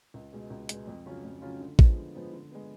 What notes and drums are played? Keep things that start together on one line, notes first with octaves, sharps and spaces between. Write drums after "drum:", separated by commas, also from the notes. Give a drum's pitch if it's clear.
C#2
B2 G#3
C#2
B2 G#3, drum: hi-hat
F2
C#3 F#3 C#4 F4
F2
C#3 F#3 C#4 F4
D3
F3 G#3 B3, drum: kick A1
D3
F3 G#3 B3
D3
G#3 B3